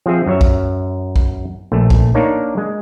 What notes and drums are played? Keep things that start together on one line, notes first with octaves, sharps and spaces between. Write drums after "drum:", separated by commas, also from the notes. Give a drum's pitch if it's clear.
F3 C4 G#4 E5
F#2 C#5 E5
drum: kick B1
drum: kick B1
A#1 A3
drum: kick B1
A#3 D4 D#4 C#5 D5
G#3